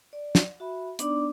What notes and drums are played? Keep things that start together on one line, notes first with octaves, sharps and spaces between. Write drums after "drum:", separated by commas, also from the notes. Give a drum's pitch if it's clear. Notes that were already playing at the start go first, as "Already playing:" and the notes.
D5
drum: snare
F#4 E5 B5
B3 D4 D#4 D5 D6, drum: hi-hat